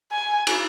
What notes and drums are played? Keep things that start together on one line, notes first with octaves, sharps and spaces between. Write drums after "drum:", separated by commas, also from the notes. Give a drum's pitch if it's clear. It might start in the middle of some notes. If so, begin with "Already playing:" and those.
G#5
drum: cymbal